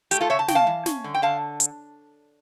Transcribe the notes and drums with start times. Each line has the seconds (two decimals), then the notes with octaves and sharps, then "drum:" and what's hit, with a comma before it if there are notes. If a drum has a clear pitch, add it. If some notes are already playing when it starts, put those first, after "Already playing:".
0.11 A3 G4, drum: hi-hat
0.20 F4 A4
0.30 C#3 C#5 E5
0.39 A5
0.48 C#3 G5, drum: snare
0.55 F5 A5
0.67 E3
0.86 C#4, drum: snare
1.04 D3
1.15 G5
1.22 D3 F5 A5
1.60 drum: hi-hat